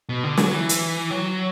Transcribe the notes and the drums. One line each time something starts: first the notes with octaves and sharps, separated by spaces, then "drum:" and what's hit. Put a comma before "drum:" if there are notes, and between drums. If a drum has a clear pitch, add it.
B2
D3
F#3, drum: snare
E3
drum: hi-hat
F#3